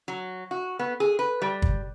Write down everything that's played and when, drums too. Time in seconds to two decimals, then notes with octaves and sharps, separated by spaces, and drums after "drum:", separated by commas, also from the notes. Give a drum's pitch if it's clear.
0.08 F#3
0.51 F#4
0.79 B3
1.00 G#4
1.19 B4
1.42 G3
1.62 drum: kick